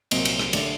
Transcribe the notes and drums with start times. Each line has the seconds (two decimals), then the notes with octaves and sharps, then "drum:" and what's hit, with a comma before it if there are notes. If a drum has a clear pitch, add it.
0.11 C2 A#2 F#3 C4 D#5, drum: cymbal
0.25 drum: cymbal
0.39 drum: rim click
0.53 D3 A3 D4 D5, drum: cymbal